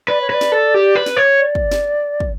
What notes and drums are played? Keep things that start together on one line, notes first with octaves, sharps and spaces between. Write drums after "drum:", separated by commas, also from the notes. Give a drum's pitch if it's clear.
B4 D5
C#5
B4 D5
drum: snare
A4
G4
B4
drum: snare
C#5
D5
drum: kick
drum: snare
drum: kick